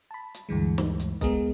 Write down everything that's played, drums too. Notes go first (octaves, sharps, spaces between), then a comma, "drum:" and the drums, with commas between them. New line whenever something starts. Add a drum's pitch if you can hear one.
A5 B5
drum: hi-hat
D2 G2 E3 G#3
drum: snare
drum: hi-hat
G#3 B3 G#4 A#4 D#5, drum: kick B1, hi-hat